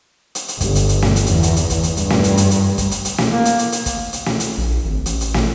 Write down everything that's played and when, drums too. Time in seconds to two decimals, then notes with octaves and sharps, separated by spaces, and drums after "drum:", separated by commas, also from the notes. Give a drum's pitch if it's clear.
0.35 drum: hi-hat
0.48 drum: hi-hat
0.61 G1, drum: kick, hi-hat
0.75 drum: hi-hat
0.89 drum: hi-hat
1.02 drum: snare
1.16 drum: hi-hat
1.27 E2, drum: hi-hat
1.43 drum: hi-hat
1.56 drum: hi-hat
1.70 drum: kick, hi-hat
1.83 drum: hi-hat
1.97 G2, drum: hi-hat
2.10 drum: snare
2.24 drum: hi-hat
2.37 drum: hi-hat
2.51 drum: hi-hat
2.78 drum: kick, hi-hat
2.91 drum: hi-hat
3.05 drum: hi-hat
3.18 drum: snare
3.28 A#3
3.45 drum: hi-hat
3.59 drum: hi-hat
3.72 drum: hi-hat
3.86 drum: kick, hi-hat
4.13 drum: hi-hat
4.26 drum: snare
4.40 drum: hi-hat
4.58 A#1
4.85 G#1
5.06 A1, drum: hi-hat
5.21 drum: hi-hat
5.34 drum: snare